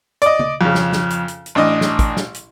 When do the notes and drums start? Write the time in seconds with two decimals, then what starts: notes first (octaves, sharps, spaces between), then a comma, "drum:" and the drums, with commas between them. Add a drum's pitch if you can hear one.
0.22 D5 D#5, drum: hi-hat
0.39 drum: tom C#3
0.61 F2 C#3
0.75 drum: snare
0.93 drum: snare
1.10 drum: hi-hat
1.28 drum: hi-hat
1.46 drum: hi-hat
1.55 A1 D4 D#5
1.81 drum: snare
1.99 drum: kick, hi-hat
2.17 drum: snare
2.34 drum: hi-hat